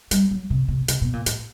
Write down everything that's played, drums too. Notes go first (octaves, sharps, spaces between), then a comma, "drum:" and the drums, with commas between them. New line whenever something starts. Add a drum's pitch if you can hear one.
G3, drum: hi-hat
F#3
C3
C3
C3, drum: hi-hat
B2
A#2
A2, drum: hi-hat